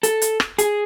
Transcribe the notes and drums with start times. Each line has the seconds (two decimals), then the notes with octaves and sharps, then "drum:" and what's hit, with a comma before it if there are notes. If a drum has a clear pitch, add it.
0.03 A4, drum: hi-hat
0.22 drum: hi-hat
0.40 drum: rim click
0.58 G#4, drum: hi-hat